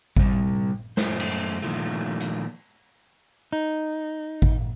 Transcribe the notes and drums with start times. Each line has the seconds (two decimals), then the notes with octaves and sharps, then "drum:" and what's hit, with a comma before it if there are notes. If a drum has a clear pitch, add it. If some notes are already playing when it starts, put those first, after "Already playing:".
0.17 C3 G3, drum: kick G#1
0.97 F#2 A#2 A3 C5, drum: snare
1.20 drum: cymbal
1.62 A#2 D#3 F3 A3
2.20 drum: hi-hat
3.53 D#4
4.42 drum: kick G#1